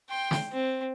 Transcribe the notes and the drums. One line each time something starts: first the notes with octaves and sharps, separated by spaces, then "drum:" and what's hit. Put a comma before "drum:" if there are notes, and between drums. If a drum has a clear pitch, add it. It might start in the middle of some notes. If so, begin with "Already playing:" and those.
G5 C6
drum: snare
C4